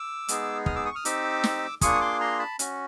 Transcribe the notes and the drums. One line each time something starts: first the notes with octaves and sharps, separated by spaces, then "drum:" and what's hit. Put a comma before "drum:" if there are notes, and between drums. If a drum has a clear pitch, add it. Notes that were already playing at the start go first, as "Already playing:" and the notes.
Already playing: D6 E6
G#3 B3 D#4 G#4, drum: hi-hat
D#6 F6, drum: kick
D6 E6
C#6 D#6
D#6 F6
C4 D#4 G4 D6 E6, drum: hi-hat
drum: snare
A#3 D4 F4 G#4 C#6 D#6, drum: kick, hi-hat
C6 D6
A#5 C6
A5 B5
C#4 F#4, drum: hi-hat